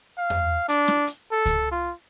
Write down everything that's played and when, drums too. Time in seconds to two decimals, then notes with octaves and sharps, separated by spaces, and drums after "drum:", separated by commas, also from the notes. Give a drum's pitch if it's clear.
0.18 F5
0.30 drum: tom E2
0.69 D4, drum: hi-hat
0.88 drum: snare
1.07 drum: hi-hat
1.32 A4
1.46 drum: kick C#2, hi-hat
1.72 F4